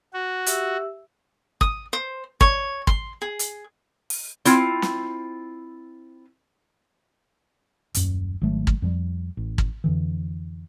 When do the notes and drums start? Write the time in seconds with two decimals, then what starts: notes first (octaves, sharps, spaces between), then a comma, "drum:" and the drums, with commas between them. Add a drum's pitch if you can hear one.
0.13 F#4
0.46 G4 E5 E6, drum: hi-hat
1.61 D#6, drum: kick
1.93 C5
2.41 C#5, drum: kick
2.87 C6, drum: kick
3.22 G#4
3.39 drum: hi-hat
4.10 drum: open hi-hat
4.45 C4 E4 F4, drum: hi-hat
4.82 drum: snare
7.94 D#1 F#2, drum: hi-hat
8.41 G#1 D#3 F#3 A3
8.67 drum: kick
8.82 F2 F3 G3
9.37 A1
9.58 drum: kick
9.84 F2 D3 E3